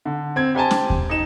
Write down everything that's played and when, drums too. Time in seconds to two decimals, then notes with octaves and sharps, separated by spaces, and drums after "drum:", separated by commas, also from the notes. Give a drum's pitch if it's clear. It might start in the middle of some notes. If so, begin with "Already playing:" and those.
0.05 D3
0.36 C4 G#6
0.55 G4 C5 G#5 A5
0.71 drum: snare
0.90 drum: kick D#2
1.09 D#4 E7